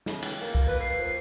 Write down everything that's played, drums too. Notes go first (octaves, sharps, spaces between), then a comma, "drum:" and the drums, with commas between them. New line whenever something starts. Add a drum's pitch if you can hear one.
C#3, drum: snare
drum: cymbal
A#3
drum: kick
B4
C7
F3